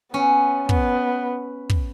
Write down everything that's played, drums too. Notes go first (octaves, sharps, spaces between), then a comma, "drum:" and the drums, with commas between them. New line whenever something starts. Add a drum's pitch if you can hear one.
B3 C#4
B3, drum: kick
drum: kick